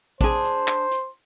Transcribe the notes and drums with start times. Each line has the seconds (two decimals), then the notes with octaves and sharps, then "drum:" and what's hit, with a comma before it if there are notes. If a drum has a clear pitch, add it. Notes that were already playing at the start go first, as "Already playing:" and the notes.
0.21 D4 G#4 C5, drum: kick A1, hi-hat
0.44 drum: hi-hat
0.68 drum: clap
0.91 drum: hi-hat